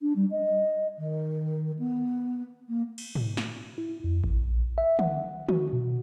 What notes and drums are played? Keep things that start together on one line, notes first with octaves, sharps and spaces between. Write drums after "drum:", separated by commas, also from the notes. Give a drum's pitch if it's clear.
D4
G3
D#5
D#3
B3
A#3
drum: cymbal
drum: tom G#2
drum: snare
E4
F2
A#1, drum: kick G#1
E5
F#5, drum: tom
F#4, drum: tom
B2